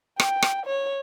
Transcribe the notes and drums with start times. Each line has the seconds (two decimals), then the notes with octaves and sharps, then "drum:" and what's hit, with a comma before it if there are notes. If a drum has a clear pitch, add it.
0.20 G5, drum: rim click
0.42 drum: rim click
0.66 C#5